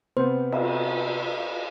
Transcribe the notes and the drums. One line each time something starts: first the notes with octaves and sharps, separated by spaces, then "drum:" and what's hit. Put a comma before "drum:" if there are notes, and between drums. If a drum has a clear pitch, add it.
C3 B3 B4 C5
drum: cymbal